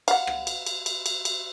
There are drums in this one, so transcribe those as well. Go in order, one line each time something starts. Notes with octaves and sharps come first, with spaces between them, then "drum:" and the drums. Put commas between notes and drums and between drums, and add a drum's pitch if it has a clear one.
F5 F#5, drum: cymbal
drum: rim click
drum: cymbal
drum: cymbal
drum: cymbal
drum: cymbal
drum: cymbal